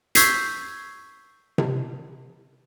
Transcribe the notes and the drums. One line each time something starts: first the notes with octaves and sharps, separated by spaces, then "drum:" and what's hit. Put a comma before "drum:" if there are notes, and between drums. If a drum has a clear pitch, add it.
C#6 E6 G6 G#6 B6 C7, drum: hi-hat
drum: tom C3